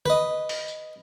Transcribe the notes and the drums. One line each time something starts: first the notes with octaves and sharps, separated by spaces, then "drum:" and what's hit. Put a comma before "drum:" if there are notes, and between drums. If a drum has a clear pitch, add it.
B4 D#5, drum: tom D3
drum: open hi-hat
drum: tambourine